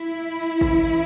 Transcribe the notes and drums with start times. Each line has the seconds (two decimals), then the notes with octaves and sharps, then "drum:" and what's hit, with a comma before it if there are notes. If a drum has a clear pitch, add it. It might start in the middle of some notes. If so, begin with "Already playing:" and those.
Already playing: E4
0.61 E3 C#4, drum: kick